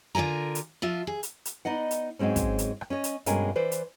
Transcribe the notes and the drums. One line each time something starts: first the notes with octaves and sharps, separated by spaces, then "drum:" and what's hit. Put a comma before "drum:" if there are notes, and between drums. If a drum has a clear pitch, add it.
D3 F4 A#4 G#5 A#5
drum: hi-hat
F3 F4 E5
G#4
drum: hi-hat
drum: hi-hat
B3 D#4 D5 D#5 F#5
drum: hi-hat
G#2 F#3 G#3 C4 C#4
drum: kick, hi-hat
drum: hi-hat
drum: rim click
C#4 C#5 D#5
drum: hi-hat
G2 B2 G#3 C#4 A#4 G#5, drum: hi-hat
E3 B4 C5 D5
drum: hi-hat